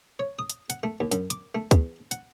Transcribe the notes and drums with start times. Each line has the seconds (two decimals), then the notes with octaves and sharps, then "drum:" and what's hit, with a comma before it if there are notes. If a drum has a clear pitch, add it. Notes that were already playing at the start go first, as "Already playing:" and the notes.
0.19 C#5
0.39 D#6
0.50 drum: hi-hat
0.70 F#5, drum: hi-hat
0.83 A3
1.00 D#2
1.12 F#2, drum: hi-hat
1.30 D6, drum: hi-hat
1.55 A3
1.71 E2, drum: kick, hi-hat
2.11 F#5, drum: hi-hat